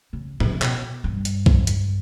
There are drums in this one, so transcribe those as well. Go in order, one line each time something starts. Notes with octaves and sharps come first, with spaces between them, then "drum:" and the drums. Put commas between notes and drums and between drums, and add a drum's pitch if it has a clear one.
C#3
C#3, drum: tom A2
B2, drum: clap
G2
drum: hi-hat
drum: kick
drum: hi-hat